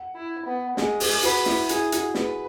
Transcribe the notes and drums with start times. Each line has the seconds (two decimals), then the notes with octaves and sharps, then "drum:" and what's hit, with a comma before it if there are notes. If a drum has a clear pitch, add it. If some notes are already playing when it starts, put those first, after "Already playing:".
Already playing: F#5
0.15 E4
0.45 B3
0.77 G#3 G#4, drum: snare
1.00 G#4, drum: open hi-hat
1.23 F#4 B4, drum: hi-hat
1.46 E4, drum: snare
1.69 E4 G#4, drum: hi-hat
1.92 F#4, drum: hi-hat
2.14 G#4 B4, drum: snare